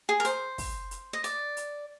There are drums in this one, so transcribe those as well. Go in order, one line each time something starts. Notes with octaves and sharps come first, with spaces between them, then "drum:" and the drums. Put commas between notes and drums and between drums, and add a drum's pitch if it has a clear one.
G#4
A#4
C5, drum: hi-hat
drum: kick, open hi-hat
drum: hi-hat
D#5
D5, drum: hi-hat
drum: hi-hat